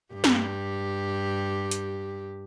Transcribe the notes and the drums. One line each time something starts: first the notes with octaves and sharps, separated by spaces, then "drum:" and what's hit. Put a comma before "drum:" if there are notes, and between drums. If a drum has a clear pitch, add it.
G2 G4
drum: snare
drum: hi-hat